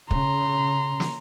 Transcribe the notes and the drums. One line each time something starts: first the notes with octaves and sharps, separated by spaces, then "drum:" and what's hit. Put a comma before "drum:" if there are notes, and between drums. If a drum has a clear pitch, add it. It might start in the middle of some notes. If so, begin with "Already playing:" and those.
C#3 A#5 C6, drum: kick
drum: snare